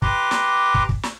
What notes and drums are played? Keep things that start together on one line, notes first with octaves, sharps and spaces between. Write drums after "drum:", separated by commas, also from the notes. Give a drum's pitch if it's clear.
G4 B4 A#5 C6 D6, drum: kick
drum: snare
drum: kick
drum: kick
drum: snare